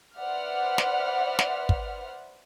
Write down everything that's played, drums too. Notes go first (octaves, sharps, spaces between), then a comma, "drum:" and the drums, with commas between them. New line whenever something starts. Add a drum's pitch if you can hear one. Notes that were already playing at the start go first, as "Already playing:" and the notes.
B4 C5 D5 E5 F#5 F6
drum: snare
drum: snare
drum: kick